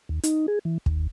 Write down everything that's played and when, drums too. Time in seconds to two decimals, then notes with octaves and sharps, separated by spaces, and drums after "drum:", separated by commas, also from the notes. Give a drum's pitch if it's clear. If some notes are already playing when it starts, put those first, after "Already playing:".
0.09 D#2
0.23 D#4, drum: hi-hat
0.48 G#4
0.65 E3
0.86 D#2, drum: kick